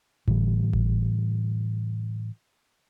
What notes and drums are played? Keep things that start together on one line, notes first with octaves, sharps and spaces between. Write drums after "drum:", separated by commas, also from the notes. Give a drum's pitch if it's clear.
A2 D3 E3 G3, drum: kick G#1
drum: kick G#1